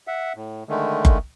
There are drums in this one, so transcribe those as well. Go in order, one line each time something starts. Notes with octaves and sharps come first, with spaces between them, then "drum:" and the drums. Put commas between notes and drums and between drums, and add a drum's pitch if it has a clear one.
E5 F#5
A2
D3 D#3 G#3 A3
drum: kick F#1